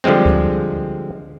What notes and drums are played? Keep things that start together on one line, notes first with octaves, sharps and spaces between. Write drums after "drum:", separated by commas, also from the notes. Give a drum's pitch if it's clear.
D3 F3 G3 G#3 C4
drum: kick D2